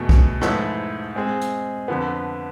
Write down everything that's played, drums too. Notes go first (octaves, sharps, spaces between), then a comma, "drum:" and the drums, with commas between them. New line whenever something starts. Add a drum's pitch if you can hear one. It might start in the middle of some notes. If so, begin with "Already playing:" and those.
Already playing: E2 B2 A3
drum: kick B1
G#2 F3 A3 E4 B4, drum: rim click
G#3 C4 G#4
drum: hi-hat
F2 D3 F3 B3